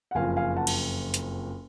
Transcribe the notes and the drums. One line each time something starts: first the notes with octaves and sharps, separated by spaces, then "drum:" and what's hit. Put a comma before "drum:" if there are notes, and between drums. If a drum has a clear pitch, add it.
F#5
F#1 F2 F3 F5 G#5
F5 G#5
F#5 A5
drum: cymbal
drum: hi-hat